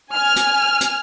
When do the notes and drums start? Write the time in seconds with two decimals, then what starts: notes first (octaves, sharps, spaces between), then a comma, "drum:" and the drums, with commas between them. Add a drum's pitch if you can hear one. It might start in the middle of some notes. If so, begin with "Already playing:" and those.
0.14 G#5 F6
0.36 drum: hi-hat
0.81 drum: hi-hat